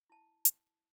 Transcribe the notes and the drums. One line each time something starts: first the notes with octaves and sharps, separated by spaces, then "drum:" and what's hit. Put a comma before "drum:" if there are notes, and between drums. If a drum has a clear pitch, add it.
E4 A5
drum: hi-hat